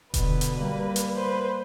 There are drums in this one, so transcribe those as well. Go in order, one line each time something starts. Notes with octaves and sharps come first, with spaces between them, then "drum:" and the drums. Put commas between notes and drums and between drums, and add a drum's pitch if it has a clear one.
B2 D3 B4, drum: kick E1, hi-hat
drum: hi-hat
G3 A#3
drum: hi-hat
B4 C5